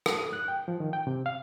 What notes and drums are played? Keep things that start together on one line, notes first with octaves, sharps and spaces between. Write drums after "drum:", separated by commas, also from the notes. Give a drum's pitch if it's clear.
A4, drum: rim click
D#6
F#6
G5
F3
D#3
G5
C3
F5